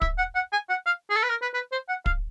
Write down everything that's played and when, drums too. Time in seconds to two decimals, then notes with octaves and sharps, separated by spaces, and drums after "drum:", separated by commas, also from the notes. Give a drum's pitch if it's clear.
0.02 E5, drum: kick
0.18 F#5
0.35 F#5
0.53 G#5
0.70 F#5
0.86 F5
1.10 G#4
1.16 A4
1.24 B4
1.30 A#4
1.42 B4
1.54 B4
1.72 C5
1.89 F#5
2.06 F5, drum: kick